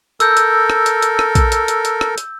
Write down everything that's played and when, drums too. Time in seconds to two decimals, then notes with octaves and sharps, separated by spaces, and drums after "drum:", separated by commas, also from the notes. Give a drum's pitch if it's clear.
0.20 A4 A#4 E6 G6, drum: hi-hat
0.37 drum: hi-hat
0.70 drum: rim click
0.86 drum: hi-hat
1.02 drum: hi-hat
1.19 drum: rim click
1.35 drum: kick A#1, hi-hat
1.52 drum: hi-hat
1.68 drum: hi-hat
1.85 drum: hi-hat
2.01 drum: rim click
2.18 drum: hi-hat